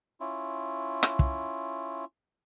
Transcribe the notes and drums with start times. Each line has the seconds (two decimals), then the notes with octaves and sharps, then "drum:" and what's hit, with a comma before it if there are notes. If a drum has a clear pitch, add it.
0.20 C#4 E4 F4
1.03 drum: rim click
1.19 drum: kick